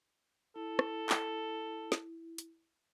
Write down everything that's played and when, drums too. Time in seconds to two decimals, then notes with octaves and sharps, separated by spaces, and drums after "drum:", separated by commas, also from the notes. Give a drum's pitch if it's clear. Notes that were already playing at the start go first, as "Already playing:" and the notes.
0.56 E4 A4
0.79 drum: rim click
1.09 drum: clap
1.92 drum: snare
2.38 drum: hi-hat